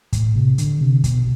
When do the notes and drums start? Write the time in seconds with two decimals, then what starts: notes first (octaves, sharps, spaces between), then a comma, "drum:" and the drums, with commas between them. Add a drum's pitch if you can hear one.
0.13 A2, drum: kick, hi-hat
0.35 C3
0.58 D3, drum: hi-hat
0.81 C3
1.04 B2, drum: kick, hi-hat